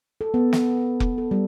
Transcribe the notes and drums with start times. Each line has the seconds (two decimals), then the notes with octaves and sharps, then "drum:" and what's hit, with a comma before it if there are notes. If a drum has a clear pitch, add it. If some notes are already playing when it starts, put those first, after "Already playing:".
0.21 A4
0.34 B3
0.53 drum: snare
1.00 drum: kick F1
1.18 A4
1.31 G3